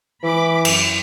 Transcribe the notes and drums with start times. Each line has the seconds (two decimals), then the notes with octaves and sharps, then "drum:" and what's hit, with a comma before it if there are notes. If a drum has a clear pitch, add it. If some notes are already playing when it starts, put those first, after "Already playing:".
0.23 E3 B5 D6
0.65 F#2, drum: cymbal